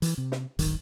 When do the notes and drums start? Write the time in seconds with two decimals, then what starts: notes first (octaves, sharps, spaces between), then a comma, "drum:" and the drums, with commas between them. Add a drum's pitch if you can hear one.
0.02 E3, drum: hi-hat
0.18 C3
0.32 drum: snare
0.59 D1 G1 D#3, drum: hi-hat